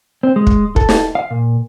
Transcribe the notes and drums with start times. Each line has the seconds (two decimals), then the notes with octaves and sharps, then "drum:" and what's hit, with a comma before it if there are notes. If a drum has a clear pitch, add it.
0.23 C4
0.36 G#3
0.47 drum: kick
0.76 A4, drum: kick
0.89 drum: snare
1.15 F5
1.31 A#2